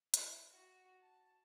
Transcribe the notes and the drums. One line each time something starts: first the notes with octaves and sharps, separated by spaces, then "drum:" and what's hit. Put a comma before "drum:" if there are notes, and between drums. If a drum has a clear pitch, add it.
E4, drum: hi-hat
F#4
A5